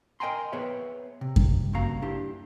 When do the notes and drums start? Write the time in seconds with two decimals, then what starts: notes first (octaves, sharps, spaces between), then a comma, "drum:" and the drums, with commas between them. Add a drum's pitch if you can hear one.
0.20 A#4 D#5 G5 G#5 A#5 C6
0.52 B3 G#4 B4 C#5 E5
1.21 C3
1.36 drum: kick F#2
1.73 G2 C#3 A#3 F#4 F5 A#5
2.02 D4 E4 G4